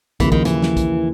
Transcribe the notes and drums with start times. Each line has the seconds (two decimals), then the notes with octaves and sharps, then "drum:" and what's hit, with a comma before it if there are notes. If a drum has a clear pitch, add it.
0.20 D#2 C#3 E3 F3, drum: kick, hi-hat
0.32 D#3, drum: kick
0.45 E3, drum: hi-hat
0.62 drum: snare
0.77 drum: kick, hi-hat